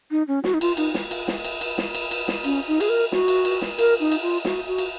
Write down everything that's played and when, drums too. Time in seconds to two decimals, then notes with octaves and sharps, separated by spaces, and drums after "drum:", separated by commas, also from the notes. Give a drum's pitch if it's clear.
0.11 D#4
0.28 C#4
0.44 F#4, drum: snare
0.54 D#4
0.61 F4, drum: cymbal
0.77 D#4, drum: cymbal
0.94 drum: snare
1.11 drum: cymbal
1.28 drum: snare
1.44 drum: cymbal
1.61 drum: cymbal
1.78 drum: snare
1.95 drum: cymbal
2.11 drum: cymbal
2.28 drum: snare
2.44 C#4, drum: cymbal
2.68 D#4
2.81 G#4, drum: cymbal
2.89 A#4
3.12 F#4, drum: snare
3.28 drum: cymbal
3.45 drum: cymbal
3.62 drum: snare
3.79 A#4, drum: cymbal
4.00 D#4
4.12 drum: cymbal
4.22 F4
4.45 F#4, drum: snare
4.67 F#4
4.78 drum: cymbal